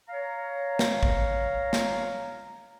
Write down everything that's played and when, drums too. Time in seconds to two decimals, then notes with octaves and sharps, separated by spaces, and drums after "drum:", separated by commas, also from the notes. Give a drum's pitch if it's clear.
0.09 C#5 F5 A#5
0.79 drum: snare
1.03 drum: kick
1.73 drum: snare